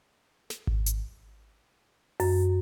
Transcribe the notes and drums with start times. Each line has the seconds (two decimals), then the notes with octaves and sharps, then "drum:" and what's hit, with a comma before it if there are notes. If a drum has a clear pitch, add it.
0.50 drum: snare
0.67 drum: kick G#1
0.86 drum: hi-hat
2.20 F#2, drum: open hi-hat